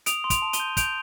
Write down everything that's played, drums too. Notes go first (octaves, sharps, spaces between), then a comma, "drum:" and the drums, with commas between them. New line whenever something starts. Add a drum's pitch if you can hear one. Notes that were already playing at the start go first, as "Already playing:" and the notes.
D#6 D7 F7, drum: hi-hat
C6
D7 F7, drum: kick, hi-hat
A5
D#7 G7, drum: hi-hat
G6
G6 D7 F7, drum: kick, hi-hat